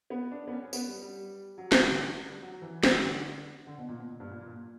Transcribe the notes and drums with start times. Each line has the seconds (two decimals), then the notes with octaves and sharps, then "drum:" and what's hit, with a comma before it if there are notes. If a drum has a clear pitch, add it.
0.10 B3
0.32 D4
0.48 B3
0.52 C#4
0.73 B3, drum: tambourine
0.87 G3
1.02 G3
1.58 F#3
1.72 E3, drum: snare
1.86 D3
2.27 G3
2.42 F#3
2.62 E3
2.83 E3, drum: snare
3.04 D3
3.67 D3
3.78 B2
3.88 A#2
3.99 B2
4.20 G2
4.31 A#2
4.41 A#2